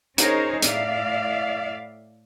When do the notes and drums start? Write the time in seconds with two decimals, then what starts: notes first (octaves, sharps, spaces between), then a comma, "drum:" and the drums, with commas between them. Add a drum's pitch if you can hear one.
0.18 C#4 D#4 G#4 A#4 C5 C#5, drum: hi-hat
0.62 A2 D5 E5 F5, drum: hi-hat